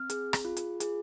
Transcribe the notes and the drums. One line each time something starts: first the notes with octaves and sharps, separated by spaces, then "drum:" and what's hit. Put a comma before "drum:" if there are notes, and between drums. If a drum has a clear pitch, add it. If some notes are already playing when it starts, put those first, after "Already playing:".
Already playing: C4 F6
G#4, drum: hi-hat
drum: rim click
F4
drum: hi-hat
G#4, drum: hi-hat